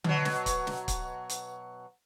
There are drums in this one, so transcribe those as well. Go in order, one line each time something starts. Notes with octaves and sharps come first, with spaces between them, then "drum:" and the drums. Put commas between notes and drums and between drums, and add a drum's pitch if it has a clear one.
B2 F#3, drum: tom D3
drum: snare
drum: kick C#1, hi-hat
drum: snare
drum: kick C#1, hi-hat
drum: hi-hat